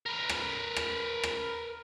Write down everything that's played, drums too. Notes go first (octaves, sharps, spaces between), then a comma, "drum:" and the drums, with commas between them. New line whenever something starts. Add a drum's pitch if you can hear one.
A#4 B4
drum: rim click
drum: rim click
drum: rim click